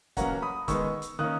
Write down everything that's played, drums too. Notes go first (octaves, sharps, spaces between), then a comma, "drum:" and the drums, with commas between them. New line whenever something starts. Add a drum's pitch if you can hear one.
B2 F#3 A#3 C#4 F#5 A#5, drum: kick, hi-hat
B5 D#6
D#3 G#3 B3 C#6 E6, drum: kick, hi-hat
drum: hi-hat
D#3 A#3 C#4 D#6 F#6